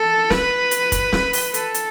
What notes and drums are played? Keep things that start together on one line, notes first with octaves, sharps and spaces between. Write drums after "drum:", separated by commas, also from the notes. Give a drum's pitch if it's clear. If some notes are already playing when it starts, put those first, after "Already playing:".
Already playing: A4
B4, drum: snare
drum: hi-hat
drum: kick, hi-hat
drum: snare
drum: open hi-hat
A4, drum: hi-hat
drum: hi-hat